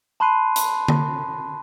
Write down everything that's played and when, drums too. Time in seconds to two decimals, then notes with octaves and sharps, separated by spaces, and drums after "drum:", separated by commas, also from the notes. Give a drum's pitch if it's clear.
0.20 A5 B5 C6 F#6 C7 D#7
0.56 drum: hi-hat
0.88 drum: tom D3